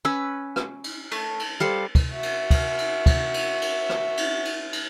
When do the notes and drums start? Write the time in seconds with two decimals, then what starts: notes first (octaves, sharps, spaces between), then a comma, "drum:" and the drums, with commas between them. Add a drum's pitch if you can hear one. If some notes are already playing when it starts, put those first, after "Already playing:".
0.05 C#4 B4 E6
0.56 drum: rim click
0.84 drum: cymbal
1.12 A3, drum: cymbal
1.39 drum: cymbal
1.60 G3 A4 C5 F5
1.95 drum: kick, cymbal
2.12 F#4 E5
2.23 drum: cymbal
2.51 drum: kick, cymbal
2.78 drum: cymbal
3.06 drum: kick, cymbal
3.34 drum: cymbal
3.62 drum: cymbal
3.89 drum: rim click
4.17 drum: cymbal
4.45 drum: cymbal
4.73 drum: cymbal